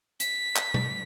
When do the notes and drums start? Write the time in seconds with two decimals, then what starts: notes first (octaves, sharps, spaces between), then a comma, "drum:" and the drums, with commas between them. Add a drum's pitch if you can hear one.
0.20 B6, drum: hi-hat
0.56 drum: clap
0.74 drum: tom B2